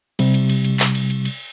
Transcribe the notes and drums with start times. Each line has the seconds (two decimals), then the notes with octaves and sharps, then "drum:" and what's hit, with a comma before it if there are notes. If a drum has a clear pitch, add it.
0.19 C3 G3, drum: cymbal
0.34 drum: cymbal
0.49 drum: cymbal
0.65 drum: cymbal
0.80 drum: clap
0.95 drum: cymbal
1.10 drum: cymbal
1.25 drum: cymbal